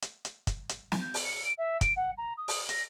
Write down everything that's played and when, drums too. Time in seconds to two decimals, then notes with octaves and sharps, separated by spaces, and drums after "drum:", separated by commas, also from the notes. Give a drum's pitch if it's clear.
0.02 drum: hi-hat
0.25 drum: hi-hat
0.47 drum: kick, hi-hat
0.69 drum: hi-hat
0.92 drum: snare
1.01 G6
1.14 drum: open hi-hat
1.24 C#7
1.44 D7
1.58 E5
1.81 D7, drum: kick, hi-hat
1.96 F#5
2.18 A#5
2.37 D#6
2.48 drum: open hi-hat
2.69 A#6, drum: hi-hat